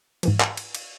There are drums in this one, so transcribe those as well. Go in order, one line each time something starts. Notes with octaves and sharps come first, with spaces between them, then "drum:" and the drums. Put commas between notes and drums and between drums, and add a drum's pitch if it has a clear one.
G#2 E3 F3, drum: cymbal
drum: clap
drum: cymbal
drum: cymbal